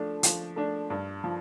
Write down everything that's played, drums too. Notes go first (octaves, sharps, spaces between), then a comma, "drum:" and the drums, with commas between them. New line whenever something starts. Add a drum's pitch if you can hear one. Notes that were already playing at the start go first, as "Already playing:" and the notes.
Already playing: F3 A3 D4
F3, drum: hi-hat
A3 D4
G2
F3